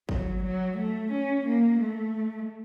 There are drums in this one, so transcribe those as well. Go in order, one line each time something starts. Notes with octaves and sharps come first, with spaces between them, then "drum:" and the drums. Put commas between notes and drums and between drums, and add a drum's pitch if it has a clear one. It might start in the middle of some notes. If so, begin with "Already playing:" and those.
F#3, drum: kick
F#3
A3
C#4
A#3
A3